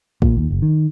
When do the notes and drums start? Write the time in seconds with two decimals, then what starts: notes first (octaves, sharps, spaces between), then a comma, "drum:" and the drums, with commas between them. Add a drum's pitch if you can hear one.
0.22 A#2, drum: kick
0.37 D#2
0.50 F#1
0.62 D#3